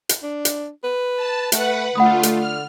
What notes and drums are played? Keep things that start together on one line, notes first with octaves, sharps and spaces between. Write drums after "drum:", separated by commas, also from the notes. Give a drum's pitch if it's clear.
drum: hi-hat
D4
drum: hi-hat
B4
A5
A3 B4 F#5, drum: hi-hat
D3 A3 F4 F#5 B5 D#6
drum: hi-hat
F6